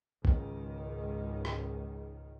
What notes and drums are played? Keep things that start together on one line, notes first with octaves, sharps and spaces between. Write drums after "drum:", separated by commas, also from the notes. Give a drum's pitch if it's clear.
C#2 G#2 D#3, drum: kick
drum: rim click